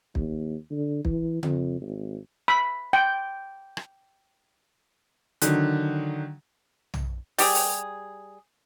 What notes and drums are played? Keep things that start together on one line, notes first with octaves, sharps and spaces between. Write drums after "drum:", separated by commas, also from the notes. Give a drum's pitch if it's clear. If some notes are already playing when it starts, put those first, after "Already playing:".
D#2, drum: kick
D3
E3, drum: kick
F2, drum: tom C#3
G#1
B5
G5
drum: rim click
D3 D#3 F#3, drum: hi-hat
drum: tom
G3 G4 G#4, drum: open hi-hat
drum: open hi-hat